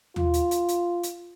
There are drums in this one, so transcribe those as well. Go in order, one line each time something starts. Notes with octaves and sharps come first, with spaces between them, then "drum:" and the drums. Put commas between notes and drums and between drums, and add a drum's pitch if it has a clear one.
F4, drum: tom D#2
drum: hi-hat
drum: hi-hat
drum: hi-hat
drum: hi-hat